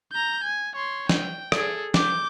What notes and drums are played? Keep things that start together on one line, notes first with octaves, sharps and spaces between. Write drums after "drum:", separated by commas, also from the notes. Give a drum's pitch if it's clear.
A#5 G6
G#5
C#5 C6
G5, drum: snare
G#4 A4, drum: rim click
D6 G6, drum: snare